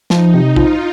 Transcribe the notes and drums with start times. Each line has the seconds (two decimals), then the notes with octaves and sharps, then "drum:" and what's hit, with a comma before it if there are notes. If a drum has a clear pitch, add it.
0.10 F3 D#4, drum: snare
0.34 C3
0.56 F3 F4, drum: kick A#1